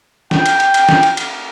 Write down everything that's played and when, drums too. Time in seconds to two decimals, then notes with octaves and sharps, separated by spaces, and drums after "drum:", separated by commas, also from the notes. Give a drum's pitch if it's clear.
0.31 G5, drum: snare
0.46 drum: cymbal
0.60 drum: cymbal
0.74 drum: cymbal
0.89 drum: snare
1.03 drum: cymbal
1.17 drum: cymbal